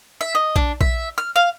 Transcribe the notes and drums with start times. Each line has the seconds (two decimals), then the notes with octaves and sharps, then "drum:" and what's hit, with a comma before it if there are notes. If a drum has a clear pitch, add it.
0.21 E5
0.35 D#5
0.56 D4, drum: kick A#1
0.81 E5, drum: kick A#1
1.18 F6
1.36 F5